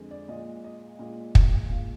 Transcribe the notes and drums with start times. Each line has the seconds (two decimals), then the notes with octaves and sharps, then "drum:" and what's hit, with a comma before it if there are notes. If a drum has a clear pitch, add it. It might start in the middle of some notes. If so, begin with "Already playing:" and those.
Already playing: F2 D3 G#3
0.11 D5
0.28 A#2 G#3 D#5
0.64 D#5
0.99 A#2 G#3
1.35 drum: kick
1.70 A#2 G#3 F5